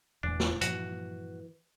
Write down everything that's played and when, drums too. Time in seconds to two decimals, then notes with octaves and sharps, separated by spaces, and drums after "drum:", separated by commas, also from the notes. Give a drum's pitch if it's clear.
0.23 E1 E2 A2 E3 D4
0.40 drum: snare F4
0.61 G2 A#2 E3 F3 F#4, drum: hi-hat